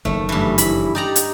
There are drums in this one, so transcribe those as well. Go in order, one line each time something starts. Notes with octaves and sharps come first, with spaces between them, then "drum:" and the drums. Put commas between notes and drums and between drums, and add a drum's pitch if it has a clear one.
F#1 D#3 A3
G2 E3 A3
E4 B5, drum: hi-hat
D#4 G4 D5 A#5
drum: hi-hat